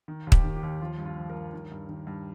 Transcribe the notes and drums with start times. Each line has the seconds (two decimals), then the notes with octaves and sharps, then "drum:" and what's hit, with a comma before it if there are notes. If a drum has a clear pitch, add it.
0.08 D#3
0.27 D#2
0.32 G4, drum: kick
0.44 D#3
0.56 G4
0.63 D#2
0.81 F3 F4
0.98 G2
1.05 F4
1.17 F3
1.30 A#4
1.35 G2
1.53 D#3
1.72 G2
1.89 D#3
2.07 G2